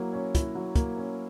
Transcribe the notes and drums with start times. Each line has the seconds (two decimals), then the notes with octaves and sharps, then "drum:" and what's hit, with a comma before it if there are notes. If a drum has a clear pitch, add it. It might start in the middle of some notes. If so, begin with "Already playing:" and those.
Already playing: F#3 A#3 E4
0.13 C#4
0.35 E4, drum: kick, hi-hat
0.55 F#3
0.75 A#3, drum: kick, hi-hat
0.97 C#4